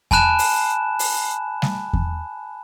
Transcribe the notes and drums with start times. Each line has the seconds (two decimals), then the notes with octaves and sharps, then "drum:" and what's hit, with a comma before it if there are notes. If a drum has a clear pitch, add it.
0.11 G#5 A5 B5 F#6 E7, drum: kick E2
0.39 drum: open hi-hat
0.99 drum: open hi-hat
1.62 drum: snare G3
1.93 drum: kick E2